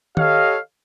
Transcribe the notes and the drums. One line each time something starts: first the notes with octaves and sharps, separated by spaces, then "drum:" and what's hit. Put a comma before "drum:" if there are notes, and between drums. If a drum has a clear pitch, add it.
G4 A4 C#5 D#5 F5, drum: tom